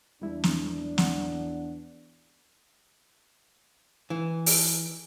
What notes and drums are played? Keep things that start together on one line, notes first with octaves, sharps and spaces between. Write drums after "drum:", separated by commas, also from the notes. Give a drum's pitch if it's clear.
E2 G3 G#3 D4 E4
drum: snare
F#5, drum: snare
E3
drum: open hi-hat